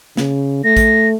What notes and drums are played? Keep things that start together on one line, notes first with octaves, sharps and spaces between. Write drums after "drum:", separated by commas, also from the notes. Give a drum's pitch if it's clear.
C#3, drum: snare
A3 A#6
drum: kick A#1, hi-hat